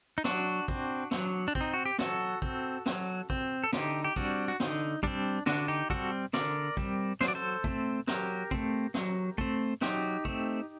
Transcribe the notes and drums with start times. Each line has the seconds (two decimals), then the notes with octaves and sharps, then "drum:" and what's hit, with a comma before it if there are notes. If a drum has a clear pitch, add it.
0.18 D#4
0.24 F#3 D4 F#4, drum: snare
0.68 C4, drum: kick
1.11 F#3, drum: snare
1.48 D4
1.55 C4, drum: kick
1.61 D#4
1.73 F#4
1.86 G4
1.98 F#3 F#4 A4, drum: snare
2.42 C4, drum: kick
2.86 F#3, drum: snare
3.30 C4, drum: kick
3.64 A4
3.73 D3 D#4 G4, drum: snare
4.04 G4
4.16 G3 C4 D4 F#4, drum: kick
4.48 F#4
4.60 D3 D#4, drum: snare
5.03 G3 C4 D4, drum: kick
5.46 D3 D4 F#4, drum: snare
5.68 D#4 G4
5.90 G3 C4 F#4 A4, drum: kick
6.33 D3 A#4 D5, drum: snare
6.77 G3 C4, drum: kick
7.21 F#3 C5, drum: snare
7.28 D5
7.35 A4 C5
7.64 A3 C4, drum: kick
8.07 F#3 G4 A#4, drum: snare
8.51 A3 C4, drum: kick
8.94 F#3, drum: snare
9.38 A3 C4, drum: kick
9.81 F#3 D#4 G4, drum: snare
10.25 A3 C4, drum: kick